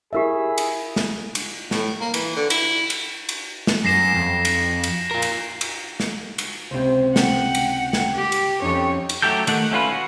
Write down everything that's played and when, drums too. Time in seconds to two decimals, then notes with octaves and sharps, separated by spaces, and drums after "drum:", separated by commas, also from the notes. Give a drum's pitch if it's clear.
0.13 E4 G4 G#4 A#4 D#5 E5
0.58 drum: cymbal
0.96 drum: snare
1.35 drum: cymbal
1.71 A2, drum: snare
2.01 A#3
2.14 E3, drum: cymbal
2.36 D3
2.50 E4, drum: cymbal
2.90 drum: cymbal
3.29 drum: cymbal
3.67 drum: snare
3.85 F#2 A#6 C7 E7
4.14 F2
4.45 drum: cymbal
4.84 drum: cymbal
5.11 F4 A#4
5.22 drum: cymbal
5.61 drum: cymbal
6.00 drum: snare
6.38 drum: cymbal
6.71 C#2 C3 C5
7.16 F#5 G5, drum: snare
7.55 drum: cymbal
7.93 drum: snare
8.16 G4
8.32 drum: cymbal
8.62 F2 C#4 D#4 A4 C#5
9.09 drum: cymbal
9.22 F#3 A3 G4 A4 G6
9.47 D#3 A3 F#5, drum: cymbal
9.71 A3 C#4 F4 B4
9.92 F#4